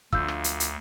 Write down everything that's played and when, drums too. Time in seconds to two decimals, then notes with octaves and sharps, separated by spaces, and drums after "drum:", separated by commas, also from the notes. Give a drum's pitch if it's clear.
0.13 D2 D3 F3 F4 E6 G6, drum: kick
0.28 drum: rim click
0.44 drum: hi-hat
0.60 drum: hi-hat